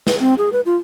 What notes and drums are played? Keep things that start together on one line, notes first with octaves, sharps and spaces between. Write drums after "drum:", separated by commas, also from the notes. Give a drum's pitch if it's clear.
B4, drum: snare
C4
G#4
B4
F4